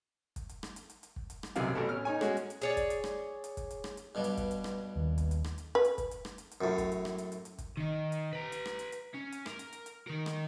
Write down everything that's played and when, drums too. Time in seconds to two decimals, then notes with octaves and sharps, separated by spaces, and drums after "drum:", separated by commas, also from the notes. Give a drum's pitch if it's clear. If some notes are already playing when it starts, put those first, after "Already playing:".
0.36 drum: kick, hi-hat
0.49 drum: hi-hat
0.63 drum: rim click
0.76 drum: hi-hat
0.90 drum: hi-hat
1.03 drum: hi-hat
1.16 drum: kick
1.30 drum: hi-hat
1.43 drum: rim click
1.56 B1 F#2 C3 E3 F5, drum: hi-hat
1.75 A1 B2 A4
1.87 C#4 F6
2.05 D#4 C#5 G#5
2.21 G#3 C#4 F#4, drum: rim click
2.37 drum: hi-hat
2.50 drum: hi-hat
2.62 G#4 C#5 D5, drum: hi-hat
2.77 drum: kick, hi-hat
2.90 drum: hi-hat
3.04 drum: rim click
3.44 drum: hi-hat
3.57 drum: kick, hi-hat
3.71 drum: hi-hat
3.84 drum: rim click
3.97 drum: hi-hat
4.15 G2 B2 G3
4.24 drum: hi-hat
4.37 drum: kick, hi-hat
4.51 drum: hi-hat
4.64 drum: rim click
4.96 D#2
5.18 drum: kick, hi-hat
5.31 drum: hi-hat
5.44 drum: rim click
5.58 drum: hi-hat
5.75 B4
5.85 drum: hi-hat
5.98 drum: kick, hi-hat
6.11 drum: hi-hat
6.25 drum: rim click
6.38 drum: hi-hat
6.51 drum: hi-hat
6.61 F#2 A2
6.78 drum: kick, hi-hat
6.92 drum: hi-hat
7.05 drum: rim click
7.18 drum: hi-hat
7.32 drum: hi-hat
7.45 drum: hi-hat
7.58 drum: kick, hi-hat
7.77 D#3 D#4
8.12 drum: hi-hat
8.33 B4 A#5
8.52 drum: hi-hat
8.66 drum: rim click
8.79 drum: hi-hat
8.92 drum: hi-hat
9.14 C#4
9.32 drum: hi-hat
9.46 A#4, drum: rim click
9.59 drum: hi-hat
9.73 drum: hi-hat
9.86 drum: hi-hat
10.07 D#3 A#4
10.26 drum: rim click